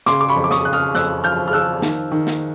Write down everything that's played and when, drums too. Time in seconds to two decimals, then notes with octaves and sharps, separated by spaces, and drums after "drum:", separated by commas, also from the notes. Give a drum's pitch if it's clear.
0.06 C#3 C6 D6, drum: snare
0.21 D6
0.29 B5 C#6, drum: tambourine
0.36 F2
0.44 D6
0.51 C#6 D#6, drum: snare
0.65 C#3 F#6
0.73 D#6 F6, drum: tambourine
0.95 F2 E6 F#6, drum: snare
1.24 F3 F6 G6
1.48 F6
1.53 F3 E6 F#6
1.82 D#3, drum: snare
2.12 D#3
2.27 drum: snare